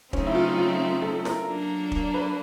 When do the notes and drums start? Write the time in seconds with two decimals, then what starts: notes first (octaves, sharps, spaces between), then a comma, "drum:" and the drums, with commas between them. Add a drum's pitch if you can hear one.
0.13 C#3 F#3 A3 C4 C#4 D#4, drum: kick
0.27 E4
0.35 F4
0.58 F4
1.02 A4
1.25 A#4, drum: snare
1.47 F#3 A#3 D4
1.92 drum: kick
2.14 B4